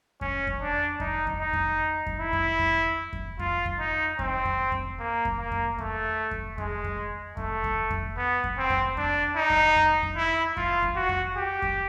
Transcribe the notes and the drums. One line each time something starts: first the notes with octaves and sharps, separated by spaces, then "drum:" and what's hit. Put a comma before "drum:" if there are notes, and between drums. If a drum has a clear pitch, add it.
C#4, drum: kick F2
drum: kick F2
D4
D#4, drum: kick F2
drum: kick F2
D#4
drum: kick F2
drum: kick F2
E4
drum: kick F2
drum: kick F2
drum: kick F2
F4, drum: kick F2
drum: kick F2
D#4
C4, drum: kick F2
drum: kick F2
drum: kick F2
A#3
drum: kick F2
A#3
drum: kick F2
A3, drum: kick F2
drum: kick F2
G#3, drum: kick F2
drum: kick F2
A3, drum: kick F2
drum: kick F2
drum: kick F2
B3
drum: kick F2
C4
drum: kick F2
D4, drum: kick F2
D#4
drum: kick F2
drum: kick F2
drum: kick F2
E4
F4, drum: kick F2
drum: kick F2
F#4
drum: kick F2
G4
drum: kick F2